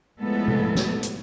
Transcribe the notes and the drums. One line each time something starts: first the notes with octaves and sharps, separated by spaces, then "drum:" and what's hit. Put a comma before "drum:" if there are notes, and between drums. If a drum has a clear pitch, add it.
A2 F3 G#3 B3 A4
drum: tom C3
drum: snare
drum: hi-hat